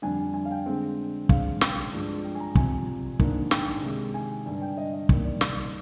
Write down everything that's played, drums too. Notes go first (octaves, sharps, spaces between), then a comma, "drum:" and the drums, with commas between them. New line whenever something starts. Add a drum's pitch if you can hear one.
F2 D3 G3 D4 G#5
G#5
F5
G5
D3 G#3 C4
D3 G#3 C4 F5, drum: kick
G5, drum: snare
G2 F3 G#3
G5
G#5
A#5
C3 F3 C4 G#5, drum: kick
G#2 D#3 A#3 D4, drum: kick
G5, drum: snare
C3 D#3 G#3
G#5
G2 D3 G3 G#5
G5
D#5
D#5
C3 D#3 G3 A#3, drum: kick
D5
drum: snare